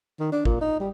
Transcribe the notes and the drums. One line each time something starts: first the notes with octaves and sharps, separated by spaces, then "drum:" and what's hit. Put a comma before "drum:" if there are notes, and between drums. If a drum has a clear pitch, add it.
D#3
D4
A#2, drum: kick
D#4
G3